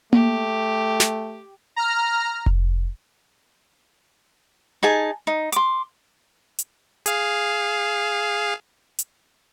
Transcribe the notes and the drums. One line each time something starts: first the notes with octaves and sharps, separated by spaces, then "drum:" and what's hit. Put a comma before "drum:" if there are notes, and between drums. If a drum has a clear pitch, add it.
A3 G4, drum: tom A#3
drum: snare
A#5 F6
drum: kick F1
D#4 G#4 G#5 A5
D#4
C6 D6, drum: hi-hat
drum: hi-hat
G#4 F5, drum: hi-hat
drum: hi-hat